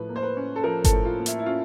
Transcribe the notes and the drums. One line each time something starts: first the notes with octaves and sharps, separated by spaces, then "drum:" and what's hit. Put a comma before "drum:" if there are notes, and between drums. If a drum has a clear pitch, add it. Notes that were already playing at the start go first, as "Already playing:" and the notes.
Already playing: A2 F3 B4
A#3
C5
B4
C#4
A4
F3 A#4
A4, drum: kick G1, hi-hat
A2
F4
A#3
E4, drum: hi-hat
E4
C#4 F4